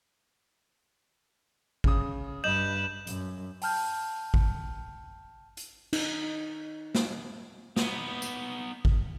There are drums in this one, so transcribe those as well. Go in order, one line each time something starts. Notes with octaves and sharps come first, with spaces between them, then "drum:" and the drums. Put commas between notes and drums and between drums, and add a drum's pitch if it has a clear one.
C#3 D#6, drum: kick
G2 B4 D#5 G6 E7 F#7
F#2, drum: hi-hat
G5 A5 F6 G6, drum: open hi-hat
drum: kick
drum: hi-hat
D#4, drum: cymbal
drum: snare
B3 D#4, drum: snare
drum: tambourine
drum: kick